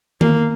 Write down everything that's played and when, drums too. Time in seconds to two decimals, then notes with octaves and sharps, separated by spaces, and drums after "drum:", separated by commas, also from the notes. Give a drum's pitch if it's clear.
0.21 A#3, drum: tom D#3